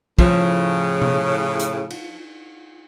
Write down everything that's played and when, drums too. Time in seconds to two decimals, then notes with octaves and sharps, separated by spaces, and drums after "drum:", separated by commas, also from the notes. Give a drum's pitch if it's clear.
0.19 A2 C#3 F3, drum: kick
1.02 drum: tom C3
1.59 drum: hi-hat
1.90 drum: cymbal